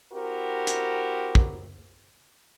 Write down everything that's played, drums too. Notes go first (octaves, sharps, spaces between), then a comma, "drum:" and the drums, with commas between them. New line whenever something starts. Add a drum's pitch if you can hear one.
C4 E4 F#4 G4 A#4
drum: hi-hat
drum: kick